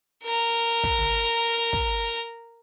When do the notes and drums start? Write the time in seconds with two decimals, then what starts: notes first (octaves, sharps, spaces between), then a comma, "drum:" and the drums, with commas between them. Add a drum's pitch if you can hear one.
0.24 A#4 A#5
0.83 drum: kick
0.98 drum: tom
1.73 drum: kick